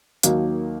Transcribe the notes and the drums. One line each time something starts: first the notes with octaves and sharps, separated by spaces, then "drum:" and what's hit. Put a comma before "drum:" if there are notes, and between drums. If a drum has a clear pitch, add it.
D#2 D#3 F#3 A#3 D#4, drum: hi-hat